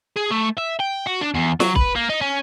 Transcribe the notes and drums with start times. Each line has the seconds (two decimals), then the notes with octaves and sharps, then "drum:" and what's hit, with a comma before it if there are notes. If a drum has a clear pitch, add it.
0.17 G#4
0.31 A3
0.58 E5
0.80 G5
1.07 F#4
1.21 D4
1.34 E2
1.60 F#3, drum: snare
1.76 B4, drum: kick
1.96 A#3
2.10 D#4
2.21 C#4